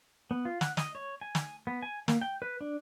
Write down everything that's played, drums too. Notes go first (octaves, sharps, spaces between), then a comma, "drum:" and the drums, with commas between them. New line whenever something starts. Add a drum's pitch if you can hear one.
B3
F4
F#5, drum: snare
D#5, drum: snare
C#5
G#5
drum: snare
B3
G#5
A#3, drum: snare
G5
B4
D4